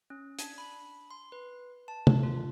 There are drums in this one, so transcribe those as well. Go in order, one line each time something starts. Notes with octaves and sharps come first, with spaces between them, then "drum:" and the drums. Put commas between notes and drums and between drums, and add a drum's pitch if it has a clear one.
C#4
D4, drum: hi-hat
B5
C6
B4
A5
drum: tom
F4